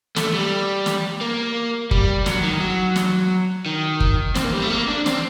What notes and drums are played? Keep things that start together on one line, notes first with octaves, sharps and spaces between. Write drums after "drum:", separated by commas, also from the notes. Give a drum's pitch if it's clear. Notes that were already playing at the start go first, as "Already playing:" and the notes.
A3, drum: snare
G3
drum: snare
A#3
G3, drum: kick
F#3, drum: snare
D#3
F#3
drum: snare
D#3
drum: kick
C4, drum: snare
A#3
G3
A3
A#3
D4
C4, drum: snare